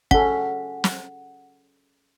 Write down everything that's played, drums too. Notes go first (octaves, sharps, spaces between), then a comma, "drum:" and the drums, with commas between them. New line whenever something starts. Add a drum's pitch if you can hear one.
C#4 A4 F#5, drum: kick
drum: snare